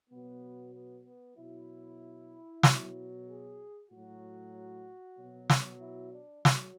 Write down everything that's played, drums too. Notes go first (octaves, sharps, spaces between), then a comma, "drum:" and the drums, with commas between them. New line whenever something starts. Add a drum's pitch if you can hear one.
B2 F#3 B3
B3
B3
B2 F#3 E4
B2 F#3, drum: snare
G#4
A2 F#3 F#4
B2 F#3
drum: snare
E4
D4
F#3, drum: snare